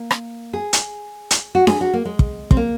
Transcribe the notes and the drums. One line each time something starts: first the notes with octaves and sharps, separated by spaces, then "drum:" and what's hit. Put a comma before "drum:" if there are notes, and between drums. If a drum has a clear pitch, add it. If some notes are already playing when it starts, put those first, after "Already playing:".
Already playing: A#3
drum: rim click
G#4
drum: hi-hat
drum: hi-hat
F#4
G#4, drum: snare D4
F#4
A#3
G#3
drum: kick
C4, drum: kick
A#3